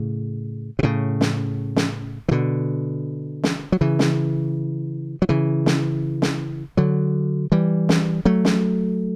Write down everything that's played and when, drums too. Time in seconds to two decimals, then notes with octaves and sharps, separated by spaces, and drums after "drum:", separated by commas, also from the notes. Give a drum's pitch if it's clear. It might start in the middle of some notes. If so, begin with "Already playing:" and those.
Already playing: A2 C#3
0.79 B2
0.83 A2 C#3
1.21 drum: snare
1.76 drum: snare
2.29 E3
2.31 B2 D3
3.43 drum: snare
3.72 F#3
3.81 C#3 E3
3.99 drum: snare
5.22 F#3
5.29 C#3 E3
5.66 drum: snare
6.22 drum: snare
6.77 D3 F#3
7.52 E3 G3
7.89 drum: snare
8.25 F#3 A3
8.45 drum: snare